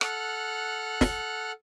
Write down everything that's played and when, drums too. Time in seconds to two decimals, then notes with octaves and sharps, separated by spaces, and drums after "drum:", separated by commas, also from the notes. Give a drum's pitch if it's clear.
0.01 A4 F#5 F6 F#6, drum: rim click
1.01 drum: snare